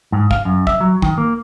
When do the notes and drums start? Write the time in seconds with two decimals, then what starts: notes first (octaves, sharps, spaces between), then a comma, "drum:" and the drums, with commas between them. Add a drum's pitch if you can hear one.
0.12 G#2
0.31 F5, drum: kick
0.45 F#2
0.67 E5, drum: kick
0.81 F#3
1.02 D#3, drum: kick
1.18 A#3